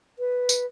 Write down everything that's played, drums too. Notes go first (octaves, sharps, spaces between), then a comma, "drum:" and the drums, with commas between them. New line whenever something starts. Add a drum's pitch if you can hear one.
B4
drum: tambourine